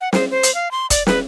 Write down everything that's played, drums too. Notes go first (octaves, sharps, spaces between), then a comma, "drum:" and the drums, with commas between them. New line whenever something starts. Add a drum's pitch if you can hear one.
F#5
C5, drum: snare
C5
drum: hi-hat
F5
C6
D5, drum: kick, hi-hat
B4, drum: snare